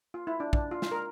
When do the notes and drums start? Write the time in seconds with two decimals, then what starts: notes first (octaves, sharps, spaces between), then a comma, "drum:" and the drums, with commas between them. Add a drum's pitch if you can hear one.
0.14 F4
0.27 E4
0.40 D4
0.53 D4, drum: kick
0.71 F4
0.82 F4, drum: snare
0.92 A#4